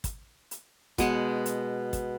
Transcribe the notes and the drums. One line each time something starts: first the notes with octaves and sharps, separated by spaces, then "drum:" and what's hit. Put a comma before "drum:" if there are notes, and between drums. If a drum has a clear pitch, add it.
drum: kick, hi-hat
drum: hi-hat
B2 G#3 F#5, drum: kick, hi-hat
drum: hi-hat
drum: kick, hi-hat